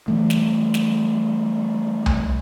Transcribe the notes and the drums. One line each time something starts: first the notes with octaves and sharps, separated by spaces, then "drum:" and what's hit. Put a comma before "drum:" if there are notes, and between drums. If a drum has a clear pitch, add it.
E3 G3 A3
drum: snare
drum: snare
drum: tom C2